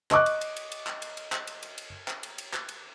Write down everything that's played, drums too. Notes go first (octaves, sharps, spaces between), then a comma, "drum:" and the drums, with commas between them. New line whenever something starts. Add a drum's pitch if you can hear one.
D#5 C#6 D6 F#6, drum: clap
drum: cymbal
drum: cymbal
drum: cymbal
drum: cymbal
drum: clap
drum: cymbal
drum: cymbal
drum: clap
drum: cymbal
drum: cymbal
drum: cymbal
drum: clap
drum: cymbal
drum: cymbal
drum: clap
drum: cymbal